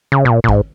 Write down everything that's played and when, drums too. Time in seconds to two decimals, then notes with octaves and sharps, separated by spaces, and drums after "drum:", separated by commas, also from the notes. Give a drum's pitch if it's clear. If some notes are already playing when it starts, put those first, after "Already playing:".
0.12 C#3
0.25 B2
0.30 A#2
0.44 A#2
0.49 G#2, drum: kick